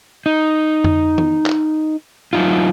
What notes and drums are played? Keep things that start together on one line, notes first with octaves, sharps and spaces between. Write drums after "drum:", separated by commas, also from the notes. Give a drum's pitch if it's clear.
D#4
drum: tom F2
drum: tom
drum: clap
F#3 D#4 F4